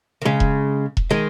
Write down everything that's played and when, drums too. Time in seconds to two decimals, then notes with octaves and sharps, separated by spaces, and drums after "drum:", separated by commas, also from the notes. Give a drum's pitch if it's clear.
0.22 D#3
0.25 C#3 G#3
0.40 drum: kick E1
0.97 drum: kick E1
1.11 D#3 G#3